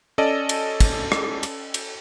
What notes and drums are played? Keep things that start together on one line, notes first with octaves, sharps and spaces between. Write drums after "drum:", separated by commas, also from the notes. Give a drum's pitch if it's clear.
C#4 A4 D5 D#5 A5
drum: cymbal
drum: kick, cymbal
drum: rim click
drum: cymbal
drum: cymbal